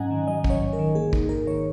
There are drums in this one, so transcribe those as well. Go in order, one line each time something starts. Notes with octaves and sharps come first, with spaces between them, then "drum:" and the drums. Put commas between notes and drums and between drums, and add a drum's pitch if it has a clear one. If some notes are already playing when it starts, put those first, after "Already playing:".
Already playing: G#2 F#3 C#4 D#5 F#5 G#5 A#5
D#3
F#3 D#5
C#4, drum: kick
C#5
G#2
A#4
D#3
A#3 G#4
D#4, drum: kick
G#2 A#4
D#3 C#5